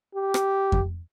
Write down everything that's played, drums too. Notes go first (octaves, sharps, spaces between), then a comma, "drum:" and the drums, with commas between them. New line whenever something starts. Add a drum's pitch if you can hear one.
G4
drum: rim click
drum: kick F2